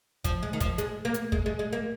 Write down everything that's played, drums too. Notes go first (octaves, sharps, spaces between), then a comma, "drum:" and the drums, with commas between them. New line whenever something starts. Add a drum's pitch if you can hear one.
F3, drum: kick, hi-hat
G#3
D#3
F3, drum: kick, hi-hat
G#3, drum: hi-hat
A#3
drum: hi-hat
G#3, drum: kick
G#3
G#3
A#3